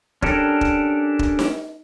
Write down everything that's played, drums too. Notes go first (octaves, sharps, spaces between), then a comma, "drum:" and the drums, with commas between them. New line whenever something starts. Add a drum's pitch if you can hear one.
C#4 D4 G4 A4 A#4, drum: kick
drum: kick
drum: kick
drum: snare D#4